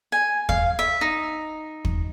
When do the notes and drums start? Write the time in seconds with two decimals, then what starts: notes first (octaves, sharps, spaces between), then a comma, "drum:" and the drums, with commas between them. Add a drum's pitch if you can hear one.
0.12 G#5
0.49 F5, drum: kick
0.79 E5
1.01 D#4
1.85 drum: kick